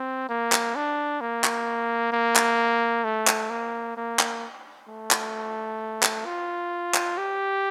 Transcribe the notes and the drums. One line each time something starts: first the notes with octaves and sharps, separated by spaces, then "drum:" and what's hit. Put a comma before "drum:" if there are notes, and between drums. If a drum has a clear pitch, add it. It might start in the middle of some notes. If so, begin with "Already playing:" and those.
Already playing: C4
A#3
drum: clap
D4
A#3
drum: clap
A#3
drum: clap
A3
drum: clap
A#3
A#3
drum: clap
A3
drum: clap
drum: clap
F4
drum: clap
G4